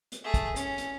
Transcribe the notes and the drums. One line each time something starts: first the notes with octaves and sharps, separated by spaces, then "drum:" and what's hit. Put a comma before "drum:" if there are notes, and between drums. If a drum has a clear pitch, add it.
drum: hi-hat
A3 G#4
drum: kick, hi-hat
C#4, drum: hi-hat
drum: hi-hat